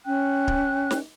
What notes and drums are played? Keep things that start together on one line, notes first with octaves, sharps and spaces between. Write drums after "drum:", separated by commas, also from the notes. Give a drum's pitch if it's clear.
C#4 G5 F#6
drum: kick D1
drum: snare